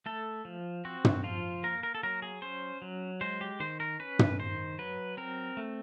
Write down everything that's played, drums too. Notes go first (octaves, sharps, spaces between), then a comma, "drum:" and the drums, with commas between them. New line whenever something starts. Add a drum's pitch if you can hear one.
A3 A4
F3
C4 F#4
drum: tom
F3 F4
A#3 A#4
A#4
A4
F#3 A#4
G#4
C#4 C5
F#3
G#3 C5
G4
D#3 C5
A#4
C#4 B4
drum: tom
D#3 C5
F#3 B4
C4 A#4
A3